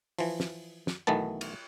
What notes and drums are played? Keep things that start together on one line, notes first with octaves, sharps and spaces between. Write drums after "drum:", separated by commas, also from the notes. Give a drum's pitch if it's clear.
E3 F3, drum: open hi-hat
drum: snare
drum: snare
B1 D#3 E3 A3 B3 A5
drum: cymbal